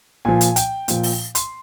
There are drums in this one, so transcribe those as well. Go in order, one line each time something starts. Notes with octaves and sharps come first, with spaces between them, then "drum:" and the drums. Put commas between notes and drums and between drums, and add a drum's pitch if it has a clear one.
A#2 F3 G#5
drum: hi-hat
G5, drum: hi-hat
A#2 F3, drum: hi-hat
drum: open hi-hat
C6, drum: hi-hat